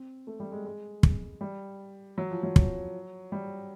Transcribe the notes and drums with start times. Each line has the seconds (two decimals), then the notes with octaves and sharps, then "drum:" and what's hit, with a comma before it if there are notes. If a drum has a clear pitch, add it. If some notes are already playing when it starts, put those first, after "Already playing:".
Already playing: C4
0.27 A3
0.40 G3
0.52 G#3
0.65 G#3
1.03 drum: kick
1.41 G3
2.18 F#3
2.31 F3
2.43 F#3
2.56 drum: kick
3.32 G3